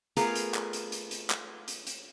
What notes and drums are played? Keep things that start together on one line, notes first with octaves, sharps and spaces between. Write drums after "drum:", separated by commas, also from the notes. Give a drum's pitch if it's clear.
A3 B3 F4 G#4 A#4, drum: hi-hat
drum: hi-hat
drum: clap
drum: hi-hat
drum: hi-hat
drum: hi-hat
drum: clap
drum: hi-hat
drum: hi-hat